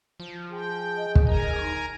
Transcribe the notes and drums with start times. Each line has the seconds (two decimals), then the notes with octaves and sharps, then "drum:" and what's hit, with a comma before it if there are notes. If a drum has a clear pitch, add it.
0.20 F3
0.51 G#4 G5
0.97 D#5
1.15 drum: kick
1.27 D1 A#4 G#5 A#5
1.61 D#4